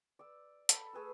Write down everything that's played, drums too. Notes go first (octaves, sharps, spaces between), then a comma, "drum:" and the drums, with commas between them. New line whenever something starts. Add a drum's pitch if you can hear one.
D5 E6
A4 B5, drum: hi-hat
A3 G#4 B4 E6